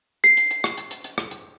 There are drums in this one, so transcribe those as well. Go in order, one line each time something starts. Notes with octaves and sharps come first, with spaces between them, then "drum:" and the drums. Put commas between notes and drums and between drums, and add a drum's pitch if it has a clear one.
C7, drum: hi-hat
drum: hi-hat
drum: hi-hat
drum: rim click
drum: hi-hat
drum: hi-hat
drum: hi-hat
drum: rim click
drum: hi-hat